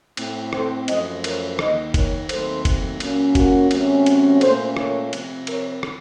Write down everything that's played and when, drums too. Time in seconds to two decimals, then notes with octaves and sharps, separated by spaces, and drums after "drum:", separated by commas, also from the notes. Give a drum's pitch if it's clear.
0.17 A2 A3 C4, drum: cymbal
0.53 A4 C5, drum: rim click
0.88 F#2 F3 A3 C5 D#5, drum: cymbal
1.24 A#4 C#5, drum: cymbal
1.59 D#2 D#3 A#3 C5 D#5, drum: rim click
1.94 A#4 C#5, drum: kick F#1, cymbal
2.29 D#2 D#3 F#3 A3 C4 A4 C5, drum: cymbal
2.65 drum: kick F#1, cymbal
3.00 A#2 F#3 A#3 C#4, drum: cymbal
3.35 F#4 A#4, drum: kick F#1, cymbal
3.71 C3 F#3 A3 C#4, drum: cymbal
4.06 drum: cymbal
4.41 A#2 A3 C#4 A4 C5, drum: cymbal
4.77 A#4 C#5, drum: rim click
5.13 C3 F3 C4, drum: cymbal
5.47 A#4 C#5, drum: cymbal
5.83 drum: rim click